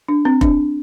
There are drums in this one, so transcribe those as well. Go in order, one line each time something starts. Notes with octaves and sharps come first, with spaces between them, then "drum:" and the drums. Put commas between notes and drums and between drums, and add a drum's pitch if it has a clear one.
D4
C4
D4, drum: kick F1